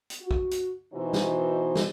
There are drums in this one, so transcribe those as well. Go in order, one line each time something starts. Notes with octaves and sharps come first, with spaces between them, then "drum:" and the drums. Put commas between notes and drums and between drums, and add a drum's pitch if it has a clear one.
drum: hi-hat
F#4
drum: kick B1
drum: hi-hat
B2 E3 D#4 F#4 C5
drum: snare
drum: snare